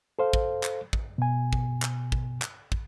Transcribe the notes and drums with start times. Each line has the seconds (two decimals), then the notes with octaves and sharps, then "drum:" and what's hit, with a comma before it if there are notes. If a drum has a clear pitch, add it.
0.19 A4 C5 F5
0.33 drum: kick
0.63 drum: clap
0.93 drum: kick
1.18 B2 G#5
1.53 drum: kick
1.82 drum: clap
2.12 drum: kick
2.42 drum: clap
2.72 drum: kick